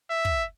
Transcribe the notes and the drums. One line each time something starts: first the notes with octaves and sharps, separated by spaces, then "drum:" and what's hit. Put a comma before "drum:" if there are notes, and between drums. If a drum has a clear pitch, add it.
E5
drum: kick